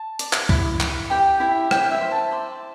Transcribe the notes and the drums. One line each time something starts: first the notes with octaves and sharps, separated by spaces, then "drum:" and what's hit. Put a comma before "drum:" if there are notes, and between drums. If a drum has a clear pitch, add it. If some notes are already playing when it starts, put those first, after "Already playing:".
Already playing: A5
D5, drum: hi-hat
drum: clap
E4, drum: kick C#2
E4, drum: clap
G4 G5
E4 E5
E4 G5, drum: rim click
G5
E5
C5
A5
D5 C6